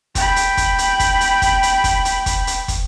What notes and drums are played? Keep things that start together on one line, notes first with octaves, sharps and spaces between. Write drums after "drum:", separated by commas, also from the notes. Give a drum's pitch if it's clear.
G5 B5, drum: kick, hi-hat
drum: hi-hat
drum: kick, hi-hat
drum: hi-hat
drum: kick, hi-hat
drum: hi-hat
drum: kick, hi-hat
drum: hi-hat
drum: kick, hi-hat
drum: hi-hat
drum: kick, hi-hat
drum: hi-hat
drum: kick, hi-hat